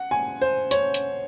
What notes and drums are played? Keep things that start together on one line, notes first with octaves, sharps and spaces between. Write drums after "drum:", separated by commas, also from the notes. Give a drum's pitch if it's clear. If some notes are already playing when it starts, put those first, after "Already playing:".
Already playing: F#5
G#5
C5
C#5, drum: hi-hat
drum: hi-hat